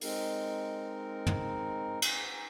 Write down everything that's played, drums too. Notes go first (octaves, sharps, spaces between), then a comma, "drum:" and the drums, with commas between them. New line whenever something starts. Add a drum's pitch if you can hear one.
G#3 C4 D#4 A#4, drum: open hi-hat
drum: tom
drum: cymbal